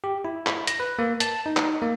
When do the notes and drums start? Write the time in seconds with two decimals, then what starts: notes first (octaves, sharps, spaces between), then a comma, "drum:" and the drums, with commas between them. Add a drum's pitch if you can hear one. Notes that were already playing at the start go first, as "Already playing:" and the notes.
0.04 G4
0.25 E4
0.46 B5, drum: clap
0.67 A#6, drum: hi-hat
0.80 B4
0.99 A#3
1.20 A5, drum: hi-hat
1.46 D#4
1.57 drum: clap
1.82 A#3